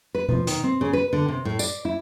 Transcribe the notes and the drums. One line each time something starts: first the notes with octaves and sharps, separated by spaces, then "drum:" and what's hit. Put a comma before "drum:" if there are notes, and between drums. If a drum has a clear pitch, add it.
B4
F3, drum: tom B2
D#3, drum: hi-hat
C4
C#3
B4
D3
C3
A2
D5, drum: tambourine
E4